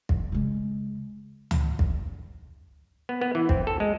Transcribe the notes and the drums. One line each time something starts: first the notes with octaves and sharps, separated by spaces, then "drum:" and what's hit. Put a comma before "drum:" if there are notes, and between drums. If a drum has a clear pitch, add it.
drum: kick
C#3 G#3
drum: tom C#2
drum: kick
B3
B3
E3
C4, drum: kick
A4
G#3